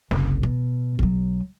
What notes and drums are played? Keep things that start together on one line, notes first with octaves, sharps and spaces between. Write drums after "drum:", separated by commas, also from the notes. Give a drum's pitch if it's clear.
F#1 C2, drum: snare
B2, drum: kick
B1 F#3, drum: kick